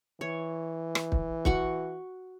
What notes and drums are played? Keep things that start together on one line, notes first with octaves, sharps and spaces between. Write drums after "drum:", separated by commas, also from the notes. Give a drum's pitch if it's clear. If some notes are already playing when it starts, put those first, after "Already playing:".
E3 C#5
drum: rim click
drum: kick
F#4 F#5 C#6, drum: kick